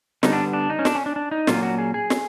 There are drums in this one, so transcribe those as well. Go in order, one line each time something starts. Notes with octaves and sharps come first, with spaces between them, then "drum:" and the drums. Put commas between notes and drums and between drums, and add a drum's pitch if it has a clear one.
D3 G3 B3 D#4, drum: snare
D4
D4
D#4
C#4
D4, drum: snare
C#4
D4
D4
D#4
A#2 F#3 A#3 C#4 F4, drum: snare
F#4
G#4
G#4
drum: snare